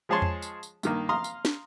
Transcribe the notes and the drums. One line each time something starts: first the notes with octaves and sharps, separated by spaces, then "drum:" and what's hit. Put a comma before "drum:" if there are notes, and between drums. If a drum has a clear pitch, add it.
F3 G#3 G#4 C#5 A5 C6
drum: tom E2
drum: tambourine
drum: tambourine
G2 D#3 A#3, drum: tambourine
F5 A#5 C6 D#6
drum: tambourine
drum: snare